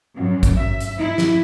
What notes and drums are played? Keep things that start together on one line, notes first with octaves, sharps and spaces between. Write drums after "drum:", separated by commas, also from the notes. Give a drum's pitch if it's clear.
F#2
drum: kick G#1, hi-hat
E5
drum: hi-hat
E4
drum: snare